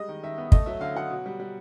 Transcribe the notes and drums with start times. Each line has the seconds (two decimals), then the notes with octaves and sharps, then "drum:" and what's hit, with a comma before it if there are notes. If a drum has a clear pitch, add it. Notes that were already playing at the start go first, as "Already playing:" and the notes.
Already playing: G3 G#3 D#5
0.09 D#3
0.23 D#3 E5
0.38 B3
0.52 A3 D#5, drum: kick
0.66 F#3 E5
0.81 D3 F5
0.96 F#3 F#5
1.10 B2
1.26 G3
1.40 G3